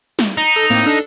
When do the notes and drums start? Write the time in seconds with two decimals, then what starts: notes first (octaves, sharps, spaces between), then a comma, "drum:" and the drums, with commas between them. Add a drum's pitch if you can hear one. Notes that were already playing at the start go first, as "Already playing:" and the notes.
0.19 drum: snare
0.37 D#4
0.56 A4
0.70 A2 A#3 C4
0.85 D4 A4